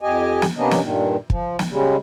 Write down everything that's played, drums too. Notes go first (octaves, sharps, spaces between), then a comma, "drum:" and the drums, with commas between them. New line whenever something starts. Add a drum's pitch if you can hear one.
F2 G4 D#5 G#5
drum: snare
C3 A#3 B3 C#4 D4 D#5
drum: snare
G2 A#2 D#3
F3, drum: kick
drum: snare
C#3 G3 G#3